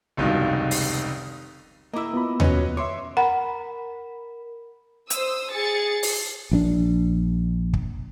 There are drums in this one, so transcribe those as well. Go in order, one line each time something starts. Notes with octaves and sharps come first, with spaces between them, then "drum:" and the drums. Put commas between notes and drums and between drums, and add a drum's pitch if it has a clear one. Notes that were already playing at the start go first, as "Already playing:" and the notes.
F1 C#2 G2 B2 D#3
drum: open hi-hat
A#3 E4 D#5 D6 E6
B3 F4 B5
C#4 F#4 B4 C#5 D#5, drum: tom D#2
C#5 E5 C6 D6
A#4 F#5 B5
C5 D#6 E6, drum: hi-hat
G#4 A6 C#7
drum: open hi-hat
A#1 F3 D4
drum: kick